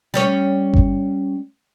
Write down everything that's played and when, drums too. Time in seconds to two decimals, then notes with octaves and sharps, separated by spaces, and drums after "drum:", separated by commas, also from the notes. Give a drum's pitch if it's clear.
0.14 G3 C#4 C#5
0.74 drum: kick G1